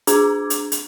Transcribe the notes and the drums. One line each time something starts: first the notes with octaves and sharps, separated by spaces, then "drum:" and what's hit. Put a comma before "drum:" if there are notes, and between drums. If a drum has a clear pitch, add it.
D4 G#4 A#5 D6 G#6, drum: hi-hat
drum: hi-hat
drum: hi-hat